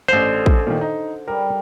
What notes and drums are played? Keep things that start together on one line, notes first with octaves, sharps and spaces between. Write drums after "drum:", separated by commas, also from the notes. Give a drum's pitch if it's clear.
A1 D3 C5 F7
drum: kick
A#2 D#3
D#4
G3 A#4